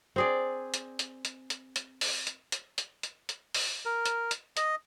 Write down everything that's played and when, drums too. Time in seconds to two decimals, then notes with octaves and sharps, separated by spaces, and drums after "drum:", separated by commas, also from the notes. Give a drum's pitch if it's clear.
0.16 C4 G#4 D5
0.74 drum: hi-hat
0.99 drum: hi-hat
1.25 drum: hi-hat
1.50 drum: hi-hat
1.76 drum: hi-hat
2.01 drum: open hi-hat
2.27 drum: hi-hat
2.52 drum: hi-hat
2.78 drum: hi-hat
3.03 drum: hi-hat
3.29 drum: hi-hat
3.54 drum: open hi-hat
3.85 A#4
4.06 drum: hi-hat
4.31 drum: hi-hat
4.57 D#5, drum: hi-hat